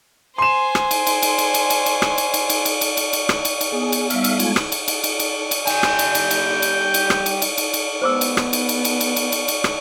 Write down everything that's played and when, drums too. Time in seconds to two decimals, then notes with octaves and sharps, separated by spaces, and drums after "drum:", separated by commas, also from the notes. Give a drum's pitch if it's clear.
0.38 C5 G#5 C6 E7
0.75 drum: rim click
0.91 drum: cymbal
1.07 drum: cymbal
1.23 drum: cymbal
1.38 drum: cymbal
1.54 drum: cymbal
1.70 drum: cymbal
1.86 drum: cymbal
2.02 drum: rim click
2.18 drum: cymbal
2.34 drum: cymbal
2.50 drum: cymbal
2.65 drum: cymbal
2.81 drum: cymbal
2.97 drum: cymbal
3.13 drum: cymbal
3.29 drum: rim click
3.45 drum: cymbal
3.61 drum: cymbal
3.72 B3 G#4
3.92 drum: cymbal
4.10 G3 B3 E5 F5, drum: cymbal
4.24 drum: cymbal
4.39 G#3 F4 G#5, drum: cymbal
4.56 drum: rim click
4.72 drum: cymbal
4.88 drum: cymbal
5.04 drum: cymbal
5.19 drum: cymbal
5.51 drum: cymbal
5.67 G3 G5 G#5, drum: cymbal
5.83 drum: rim click
5.99 drum: cymbal
6.15 drum: cymbal
6.31 drum: cymbal
6.62 drum: cymbal
6.94 drum: cymbal
7.10 drum: rim click
7.26 drum: cymbal
7.42 drum: cymbal
7.58 drum: cymbal
7.74 drum: cymbal
8.02 B3 C5 D6 E6
8.21 drum: cymbal
8.37 drum: rim click
8.53 drum: cymbal
8.69 drum: cymbal
8.85 drum: cymbal
9.01 drum: cymbal
9.16 drum: cymbal
9.32 drum: cymbal
9.48 drum: cymbal
9.64 drum: rim click